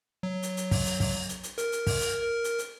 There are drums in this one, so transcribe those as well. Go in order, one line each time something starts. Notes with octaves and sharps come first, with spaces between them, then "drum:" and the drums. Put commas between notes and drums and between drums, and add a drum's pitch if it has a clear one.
F#3
drum: hi-hat
drum: hi-hat
drum: kick, open hi-hat
drum: hi-hat
drum: kick, open hi-hat
drum: hi-hat
drum: hi-hat
A#4, drum: hi-hat
drum: hi-hat
drum: kick, open hi-hat
drum: hi-hat
A#4
drum: hi-hat
drum: hi-hat